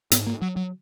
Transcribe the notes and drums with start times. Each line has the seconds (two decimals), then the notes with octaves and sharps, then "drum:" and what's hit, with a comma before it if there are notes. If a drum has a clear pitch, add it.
0.11 G#2 B3, drum: hi-hat
0.27 A#3
0.42 F#3
0.56 F#3